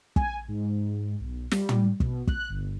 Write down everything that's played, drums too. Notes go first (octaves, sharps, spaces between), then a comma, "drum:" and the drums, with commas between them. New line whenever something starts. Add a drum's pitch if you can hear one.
G#5, drum: kick
G#2
B1
G3, drum: snare
drum: tom
B2, drum: kick
F#6, drum: kick
G1